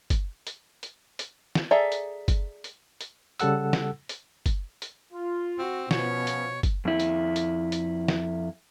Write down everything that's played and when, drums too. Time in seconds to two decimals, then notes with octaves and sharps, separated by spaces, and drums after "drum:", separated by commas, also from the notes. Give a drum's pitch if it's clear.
0.10 drum: kick, hi-hat
0.47 drum: hi-hat
0.83 drum: hi-hat
1.19 drum: hi-hat
1.55 drum: snare
1.71 G#4 A4 D5 E5 A#5
1.92 drum: hi-hat
2.28 drum: kick, hi-hat
2.64 drum: hi-hat
3.01 drum: hi-hat
3.40 C#3 G3 A4 F#5 E6, drum: hi-hat
3.73 drum: snare
4.09 drum: hi-hat
4.46 drum: kick, hi-hat
4.82 drum: hi-hat
5.13 F4
5.59 C4 F#4
5.91 B2 F3 B3 C#4 C#5, drum: snare
6.27 drum: hi-hat
6.63 drum: kick, hi-hat
6.85 F2 E4
7.00 drum: hi-hat
7.36 drum: hi-hat
7.72 drum: hi-hat
8.08 drum: snare